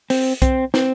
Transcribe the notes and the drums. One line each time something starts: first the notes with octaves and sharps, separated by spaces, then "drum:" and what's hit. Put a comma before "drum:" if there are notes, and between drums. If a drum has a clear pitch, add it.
C4, drum: open hi-hat
C4, drum: kick B1, hi-hat
C4, drum: snare